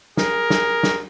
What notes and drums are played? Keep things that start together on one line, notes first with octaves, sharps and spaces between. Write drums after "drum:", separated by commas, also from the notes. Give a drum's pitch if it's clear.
G#4 A#4, drum: snare
drum: snare
drum: snare